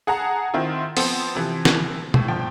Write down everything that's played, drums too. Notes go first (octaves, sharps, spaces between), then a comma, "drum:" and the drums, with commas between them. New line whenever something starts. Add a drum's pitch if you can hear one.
G#4 F#5 A5 A#5
D#3 C4 E4 F4
F3 B3 C4, drum: open hi-hat
C3 E3 F3
drum: snare
A2, drum: tom B2
G1 F3 G5